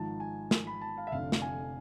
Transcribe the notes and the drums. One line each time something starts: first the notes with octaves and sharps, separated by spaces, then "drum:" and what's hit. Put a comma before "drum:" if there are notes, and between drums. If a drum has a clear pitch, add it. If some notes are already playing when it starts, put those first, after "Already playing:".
Already playing: G#1 G#2 F3 A5
G#5
drum: snare
B5
A5
F5
E5
F1 F2 D3 F5
drum: snare
G#5